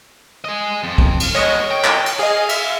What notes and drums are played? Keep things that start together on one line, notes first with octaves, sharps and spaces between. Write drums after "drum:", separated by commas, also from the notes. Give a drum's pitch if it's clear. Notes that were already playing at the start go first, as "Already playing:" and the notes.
G#4 D#5
F2
drum: kick
drum: cymbal
G#3 B3 C#5 D#5
G5
drum: clap
drum: cymbal
G#4 D#5 F5
E5, drum: cymbal